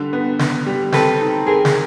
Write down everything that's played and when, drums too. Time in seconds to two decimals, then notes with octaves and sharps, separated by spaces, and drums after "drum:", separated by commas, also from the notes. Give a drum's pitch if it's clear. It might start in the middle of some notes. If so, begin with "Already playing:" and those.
Already playing: D3 G3
0.13 B3
0.39 B3, drum: snare
0.66 G3
0.92 C4 A4 B4, drum: snare
1.21 D#4
1.46 C4 G#4 A#4
1.65 drum: snare